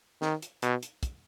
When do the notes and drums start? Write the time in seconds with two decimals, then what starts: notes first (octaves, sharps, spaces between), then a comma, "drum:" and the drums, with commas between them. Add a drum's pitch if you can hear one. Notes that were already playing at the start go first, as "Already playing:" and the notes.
0.22 D#3, drum: snare
0.42 drum: hi-hat
0.62 B2, drum: hi-hat
0.83 drum: hi-hat
1.03 drum: kick, hi-hat